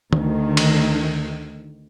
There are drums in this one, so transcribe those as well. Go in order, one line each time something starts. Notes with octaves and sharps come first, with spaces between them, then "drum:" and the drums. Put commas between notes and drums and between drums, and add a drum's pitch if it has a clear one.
D2 D#3, drum: tom
drum: cymbal